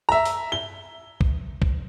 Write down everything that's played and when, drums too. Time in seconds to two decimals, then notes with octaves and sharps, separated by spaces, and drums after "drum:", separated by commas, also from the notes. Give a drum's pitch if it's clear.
0.09 E5 A#5
0.25 drum: open hi-hat
0.52 G7
1.21 drum: kick
1.62 drum: kick